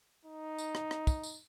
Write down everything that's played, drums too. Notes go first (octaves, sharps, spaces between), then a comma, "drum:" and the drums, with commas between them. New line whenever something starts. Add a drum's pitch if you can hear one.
D#4
drum: tambourine
drum: rim click
drum: rim click
drum: kick, tambourine
drum: tambourine